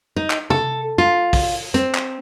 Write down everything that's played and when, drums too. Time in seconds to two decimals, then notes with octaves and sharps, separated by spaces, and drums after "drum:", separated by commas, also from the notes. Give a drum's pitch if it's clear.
0.16 D#4
0.30 drum: clap
0.50 A4, drum: tom
0.98 F4
1.33 drum: kick, open hi-hat
1.74 C4, drum: hi-hat
1.95 drum: clap